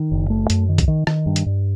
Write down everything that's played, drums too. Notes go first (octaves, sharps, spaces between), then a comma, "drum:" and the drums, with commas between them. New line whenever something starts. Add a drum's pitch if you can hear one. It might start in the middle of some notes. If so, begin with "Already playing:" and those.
Already playing: D#3
F#1
A3
F#2, drum: hi-hat
D#3
drum: kick B1, hi-hat
D#3
D#3, drum: rim click
G2
drum: hi-hat
G2